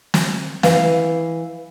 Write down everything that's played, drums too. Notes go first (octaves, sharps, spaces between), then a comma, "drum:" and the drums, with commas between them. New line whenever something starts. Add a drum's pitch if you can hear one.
drum: snare
E3 F5, drum: snare